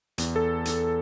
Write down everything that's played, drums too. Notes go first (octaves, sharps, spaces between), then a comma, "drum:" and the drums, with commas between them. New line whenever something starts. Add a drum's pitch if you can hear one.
E2, drum: hi-hat
A4
drum: hi-hat